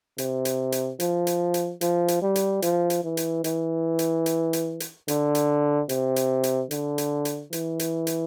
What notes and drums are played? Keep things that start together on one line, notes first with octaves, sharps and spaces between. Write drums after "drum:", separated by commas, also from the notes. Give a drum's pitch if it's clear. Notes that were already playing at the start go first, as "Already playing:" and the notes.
C3, drum: hi-hat
drum: hi-hat
drum: hi-hat
F3, drum: hi-hat
drum: hi-hat
drum: hi-hat
F3, drum: hi-hat
drum: hi-hat
G3
drum: hi-hat
F3, drum: hi-hat
drum: hi-hat
E3
drum: hi-hat
E3, drum: hi-hat
drum: hi-hat
drum: hi-hat
drum: hi-hat
drum: hi-hat
D3, drum: hi-hat
drum: hi-hat
C3, drum: hi-hat
drum: hi-hat
drum: hi-hat
D3, drum: hi-hat
drum: hi-hat
drum: hi-hat
E3, drum: hi-hat
drum: hi-hat
drum: hi-hat